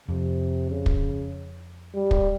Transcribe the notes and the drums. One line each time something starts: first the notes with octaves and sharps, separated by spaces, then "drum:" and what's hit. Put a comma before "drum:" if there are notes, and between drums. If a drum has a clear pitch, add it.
F2 C3
C#3
drum: kick
G3
drum: kick